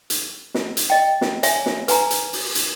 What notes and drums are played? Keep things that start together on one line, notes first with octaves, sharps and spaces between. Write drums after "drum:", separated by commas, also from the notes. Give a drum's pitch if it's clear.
drum: hi-hat
drum: snare
drum: hi-hat
D#5 G5
drum: snare
C#5 E5 G#5, drum: hi-hat
drum: snare
B4 G#5 A#5, drum: hi-hat
drum: hi-hat
drum: open hi-hat
drum: hi-hat